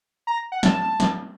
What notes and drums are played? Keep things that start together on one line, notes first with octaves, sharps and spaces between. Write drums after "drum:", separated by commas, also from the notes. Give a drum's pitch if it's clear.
A#5
F#5
A5, drum: snare
drum: snare